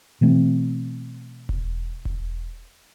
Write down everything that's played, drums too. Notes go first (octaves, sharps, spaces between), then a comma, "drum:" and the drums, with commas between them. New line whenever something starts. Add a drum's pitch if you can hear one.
B2 E3 A3 C4
drum: kick E1
drum: kick E1